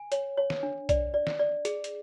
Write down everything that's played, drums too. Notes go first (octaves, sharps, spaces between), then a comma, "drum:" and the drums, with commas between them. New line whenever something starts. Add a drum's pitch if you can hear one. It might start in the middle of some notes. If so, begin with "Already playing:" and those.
Already playing: G#5
C#5, drum: hi-hat
C#5
drum: snare
D4
D5, drum: kick B1, hi-hat
D5
drum: snare
D5
G#4, drum: hi-hat
drum: hi-hat